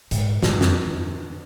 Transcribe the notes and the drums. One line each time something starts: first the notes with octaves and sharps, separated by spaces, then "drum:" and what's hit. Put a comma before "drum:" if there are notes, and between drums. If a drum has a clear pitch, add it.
G#2, drum: hi-hat
G#2, drum: snare
G2
F2, drum: snare